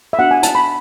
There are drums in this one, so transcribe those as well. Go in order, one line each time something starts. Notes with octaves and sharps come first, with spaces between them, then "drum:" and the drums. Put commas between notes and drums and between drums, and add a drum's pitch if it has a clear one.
E5
B3 D4 F#4 F#5
G#5
A5, drum: hi-hat
B5